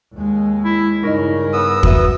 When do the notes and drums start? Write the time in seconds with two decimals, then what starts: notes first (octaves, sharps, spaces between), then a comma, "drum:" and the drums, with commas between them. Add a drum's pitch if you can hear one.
0.13 D#2 G#3
0.64 E4
1.03 G2 C#3 D#4 E4 A#4 D#5
1.53 B3 D#6 E6
1.83 F#4 B4 E5, drum: kick